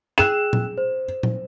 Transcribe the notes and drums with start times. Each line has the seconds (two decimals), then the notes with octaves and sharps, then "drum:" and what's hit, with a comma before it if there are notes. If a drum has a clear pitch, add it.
0.18 G#4 G5 E6 F#6 E7
0.53 drum: tom A#2
0.78 C5
1.23 drum: tom A#2